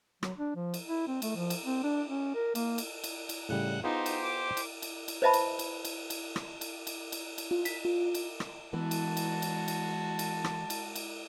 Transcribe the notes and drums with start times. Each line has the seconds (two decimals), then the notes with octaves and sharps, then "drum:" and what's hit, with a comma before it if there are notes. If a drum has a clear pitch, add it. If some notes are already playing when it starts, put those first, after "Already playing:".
0.23 F#3, drum: rim click
0.38 D4
0.55 F3
0.74 drum: cymbal
0.88 E4
1.07 C4
1.22 A3, drum: cymbal
1.36 F3
1.50 drum: cymbal
1.65 C4
1.83 D4
2.08 C#4
2.34 A#4
2.55 A#3, drum: cymbal
2.78 drum: cymbal
3.04 drum: cymbal
3.29 drum: cymbal
3.49 A2 C#3 G3 F#5 F#6
3.84 B3 D#4 F4 G4 G#4 C5
4.06 drum: cymbal
4.23 D6
4.57 drum: cymbal
4.82 drum: cymbal
5.08 drum: cymbal
5.22 B4 C5 D#5 E5 A5 B5
5.34 drum: cymbal
5.59 drum: cymbal
5.85 drum: cymbal
6.10 drum: cymbal
6.36 drum: rim click
6.61 drum: cymbal
6.87 drum: cymbal
7.12 drum: cymbal
7.38 drum: cymbal
7.51 F4
7.65 B6, drum: cymbal
7.85 F4
8.15 drum: cymbal
8.40 drum: rim click
8.73 E3 G#3 B3 F#4 A5
8.91 drum: cymbal
9.17 drum: cymbal
9.42 drum: cymbal
9.68 drum: cymbal
10.19 drum: cymbal
10.44 drum: rim click
10.70 drum: cymbal
10.96 drum: cymbal